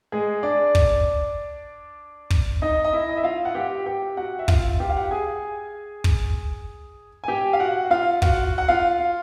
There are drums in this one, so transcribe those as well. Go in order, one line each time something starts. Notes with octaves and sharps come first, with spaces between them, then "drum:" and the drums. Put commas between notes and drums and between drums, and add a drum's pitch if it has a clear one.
G#3 G#4
D4 D5
drum: kick
drum: kick
D#4 D#5
D#5
E4 E5
D#5
E5
F4 F5
F#5
G4 G5
G4 G5
F#4 F#5
E5
F4 F5, drum: kick
G4 G5
F5
F#5
G5
G#4 G#5
drum: kick
G#5
G4 G5
F5
F#4 F#5
F4 F5
F#4 F#5, drum: kick
F#5
F4 F5